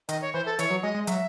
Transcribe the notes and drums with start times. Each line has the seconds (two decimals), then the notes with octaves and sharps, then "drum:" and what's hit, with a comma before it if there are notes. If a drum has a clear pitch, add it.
0.09 D#3 D#5, drum: hi-hat
0.22 C#5
0.34 E3 C5
0.46 A4
0.59 E3 C#5, drum: hi-hat
0.70 F#3
0.83 G#3 D#5
0.94 G#3
1.07 F#3 E5, drum: hi-hat